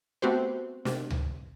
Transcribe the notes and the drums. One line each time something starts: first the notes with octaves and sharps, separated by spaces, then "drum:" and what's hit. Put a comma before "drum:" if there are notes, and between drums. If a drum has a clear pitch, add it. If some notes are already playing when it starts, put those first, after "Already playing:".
A3 B3 C4 F#4 G4 C5
C3, drum: snare
drum: tom C#2